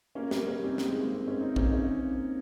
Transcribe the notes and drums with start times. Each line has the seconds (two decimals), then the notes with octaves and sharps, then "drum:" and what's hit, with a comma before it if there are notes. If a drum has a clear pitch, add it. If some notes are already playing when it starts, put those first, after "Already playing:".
0.15 A#3 C#4
0.31 G3 A#3, drum: snare
0.47 A#3 C#4
0.63 C4 D#4
0.78 drum: snare
0.88 G#3
1.01 A#3
1.14 C4
1.28 C#4
1.41 C4 D#4
1.56 A#3 C#4, drum: kick A#1
1.72 A#3 C#4